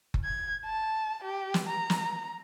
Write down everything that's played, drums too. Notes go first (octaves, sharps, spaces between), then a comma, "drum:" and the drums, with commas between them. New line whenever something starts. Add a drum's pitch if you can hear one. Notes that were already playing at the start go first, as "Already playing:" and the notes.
drum: kick F#1
G#6
A5
G4
drum: snare
A#5
drum: snare